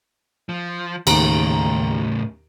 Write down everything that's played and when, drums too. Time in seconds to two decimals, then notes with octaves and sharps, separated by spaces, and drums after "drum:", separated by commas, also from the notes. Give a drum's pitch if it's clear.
0.49 F3
1.07 D#2 A2 C#3 A#5 D7, drum: cymbal